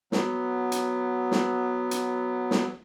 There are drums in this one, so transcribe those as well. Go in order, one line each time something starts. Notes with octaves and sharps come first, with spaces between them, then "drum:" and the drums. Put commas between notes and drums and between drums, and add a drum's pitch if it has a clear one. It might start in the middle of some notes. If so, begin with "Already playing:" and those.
F#3 B3, drum: snare
drum: hi-hat
drum: snare
drum: hi-hat
drum: snare